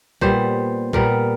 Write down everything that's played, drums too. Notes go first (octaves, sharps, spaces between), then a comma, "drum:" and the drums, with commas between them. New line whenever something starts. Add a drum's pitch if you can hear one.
A#2 G3 B3 C5, drum: kick A#1
A#2 G3 B3 A#4, drum: kick A#1